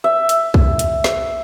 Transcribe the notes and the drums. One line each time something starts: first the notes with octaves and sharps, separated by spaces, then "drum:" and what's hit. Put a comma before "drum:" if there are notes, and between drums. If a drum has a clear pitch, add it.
E5
drum: hi-hat
drum: kick B1
drum: hi-hat
drum: snare